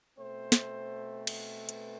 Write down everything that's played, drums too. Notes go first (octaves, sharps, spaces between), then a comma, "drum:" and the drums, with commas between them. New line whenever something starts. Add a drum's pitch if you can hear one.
B2 A3 C4 C5
drum: snare
drum: cymbal
B4, drum: hi-hat